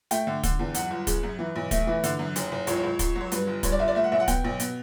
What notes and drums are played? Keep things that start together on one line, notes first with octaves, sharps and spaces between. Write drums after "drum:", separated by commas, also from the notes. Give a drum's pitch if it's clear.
A3 G5, drum: hi-hat
D3
D3, drum: kick, hi-hat
E2
F#2 F#5, drum: hi-hat
G1
C#3, drum: kick, hi-hat
F#2
E3
B1
A3, drum: kick, hi-hat
E3
D3, drum: hi-hat
F#2
F#1, drum: hi-hat
F#1
C#2 C#5, drum: hi-hat
C#2
C#2, drum: kick, hi-hat
F#3
C#5
G2 B4, drum: hi-hat
G1
G2 C#5, drum: kick, hi-hat
D5
G1 E5
D5
A3 E5
F#5
B1 E5
F#5
B2 G5, drum: kick, hi-hat
B1
B2, drum: hi-hat